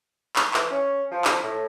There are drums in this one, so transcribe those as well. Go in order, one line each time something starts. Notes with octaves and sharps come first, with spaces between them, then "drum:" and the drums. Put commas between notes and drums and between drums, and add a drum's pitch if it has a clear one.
drum: clap
E3, drum: clap
C#4
F3
drum: clap
A2